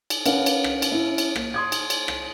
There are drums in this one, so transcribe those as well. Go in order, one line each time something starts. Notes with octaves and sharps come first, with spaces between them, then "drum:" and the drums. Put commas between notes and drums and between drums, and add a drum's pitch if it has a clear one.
drum: cymbal
C#4 D4 A#4 B4 F5 F#5, drum: cymbal
drum: cymbal
drum: rim click
drum: cymbal
C#4 E4
drum: cymbal
A#3, drum: rim click
C6 D#6 G#6
drum: cymbal
drum: cymbal
drum: rim click